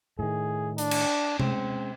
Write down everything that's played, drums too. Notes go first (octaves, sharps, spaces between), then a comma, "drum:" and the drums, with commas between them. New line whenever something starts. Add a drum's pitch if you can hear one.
A2 D#3 G#4
D4, drum: hi-hat
drum: cymbal
G#3 C4 C#4, drum: tom C3